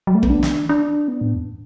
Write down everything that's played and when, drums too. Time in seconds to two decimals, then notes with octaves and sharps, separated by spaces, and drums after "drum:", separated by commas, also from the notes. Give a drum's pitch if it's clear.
0.07 F#3
0.15 A3
0.23 B3, drum: kick
0.30 D4
0.43 drum: snare
0.69 D4
1.08 B3
1.21 A2
1.35 E2